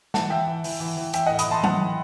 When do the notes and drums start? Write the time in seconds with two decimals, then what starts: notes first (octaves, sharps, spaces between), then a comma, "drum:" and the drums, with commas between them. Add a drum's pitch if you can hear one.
0.14 E3 F#5 A5, drum: snare
0.30 E3 E5 G5
0.47 E3
0.64 E3, drum: open hi-hat
0.80 E3
0.97 E3
1.13 E3 E5 G5, drum: hi-hat
1.26 A2 D#5 F#5
1.39 B5 D#6, drum: hi-hat
1.47 E3 A5 C6
1.63 E3 F#5 A5, drum: tom F#3
1.80 E3